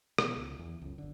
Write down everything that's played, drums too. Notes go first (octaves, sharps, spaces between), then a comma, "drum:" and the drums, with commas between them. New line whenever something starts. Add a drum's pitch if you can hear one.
B2 A#3 B3, drum: rim click
C#2
E2
C#2 F#2
G1 D3